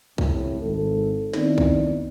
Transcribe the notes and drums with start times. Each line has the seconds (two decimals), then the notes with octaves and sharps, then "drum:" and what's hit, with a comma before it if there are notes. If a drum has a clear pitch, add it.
0.18 C2 A2, drum: kick B1
0.61 G#1 A4
1.33 D#3 B3 C4 D#4 E4 D5, drum: snare
1.58 drum: kick B1